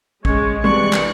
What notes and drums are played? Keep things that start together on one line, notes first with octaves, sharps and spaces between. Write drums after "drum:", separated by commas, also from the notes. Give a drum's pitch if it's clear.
G#3 C#4 C#5, drum: kick
G2 C3 E3 G#3 D5 C#6 F#6 C#7
drum: clap